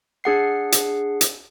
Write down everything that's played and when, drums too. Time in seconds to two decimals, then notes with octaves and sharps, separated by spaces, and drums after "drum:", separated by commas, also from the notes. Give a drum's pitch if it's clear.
0.24 D4 G#4 F#5 C7
0.72 drum: hi-hat
1.21 drum: hi-hat